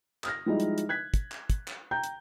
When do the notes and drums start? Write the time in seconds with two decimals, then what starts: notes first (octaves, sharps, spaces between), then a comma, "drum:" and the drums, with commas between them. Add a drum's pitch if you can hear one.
0.24 D#6 F6 A#6, drum: clap
0.46 F3 G3 G#3 D#4 E4
0.60 drum: hi-hat
0.78 drum: hi-hat
0.89 F#6 G#6 B6
1.14 drum: kick, hi-hat
1.32 drum: clap
1.50 drum: kick, hi-hat
1.68 drum: clap
1.91 G5 A#5 G6
2.04 drum: hi-hat